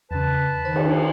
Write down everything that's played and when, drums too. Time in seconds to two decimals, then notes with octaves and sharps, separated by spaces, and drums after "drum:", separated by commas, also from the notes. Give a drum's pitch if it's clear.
0.11 E2 C#3 B4 A5
0.65 D#3 C5
0.76 drum: cymbal